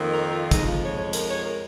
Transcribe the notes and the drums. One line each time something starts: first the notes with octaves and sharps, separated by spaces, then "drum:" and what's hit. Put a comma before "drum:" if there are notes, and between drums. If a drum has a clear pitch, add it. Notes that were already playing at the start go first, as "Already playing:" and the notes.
Already playing: F2 D#3 A#3
A#4
F4
F2 F3 G#3 D#4, drum: kick, hi-hat
F4
C#5
C#5
A#4, drum: hi-hat
C#5
A#4